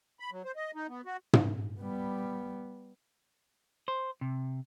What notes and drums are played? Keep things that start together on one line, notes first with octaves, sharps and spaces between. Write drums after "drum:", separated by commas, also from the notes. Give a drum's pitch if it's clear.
B5
F#3
C5
D#5
D#4
B3
F#4
drum: tom
G3 B3
C5
C3